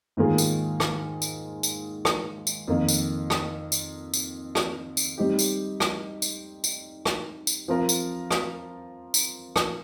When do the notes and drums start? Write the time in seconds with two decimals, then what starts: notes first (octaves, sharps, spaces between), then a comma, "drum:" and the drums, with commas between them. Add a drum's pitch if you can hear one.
0.17 G#2 D#3 A#3 F4 G#4
0.38 drum: tambourine
0.80 drum: rim click
1.22 drum: tambourine
1.63 drum: tambourine
2.05 drum: rim click
2.47 drum: tambourine
2.68 F2 D#3 A#3
2.88 drum: tambourine
3.30 drum: rim click
3.72 drum: tambourine
4.14 drum: tambourine
4.55 drum: rim click
4.97 drum: tambourine
5.18 G3 C4 D#4 G4
5.39 drum: tambourine
5.80 drum: rim click
6.22 drum: tambourine
6.64 drum: tambourine
7.05 drum: rim click
7.47 drum: tambourine
7.68 F3 C4 F4 A#4
7.89 drum: tambourine
8.31 drum: rim click
9.14 drum: tambourine
9.56 drum: rim click